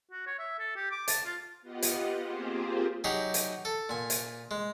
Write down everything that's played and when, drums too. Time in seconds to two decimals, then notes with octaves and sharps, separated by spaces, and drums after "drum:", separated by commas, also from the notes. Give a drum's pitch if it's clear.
0.11 F#4
0.27 C#5
0.39 E5
0.59 A4
0.76 G4
0.91 D6
1.08 A5, drum: hi-hat
1.25 F4
1.61 B3 F4 G4 D#5 F#5
1.82 drum: hi-hat
2.20 A#3 C4 F4 G4 G#4 C5
3.04 F#3 D#4 G4 G#4
3.34 drum: hi-hat
3.65 A4
3.89 A#2 G#5
4.10 drum: hi-hat
4.51 G#3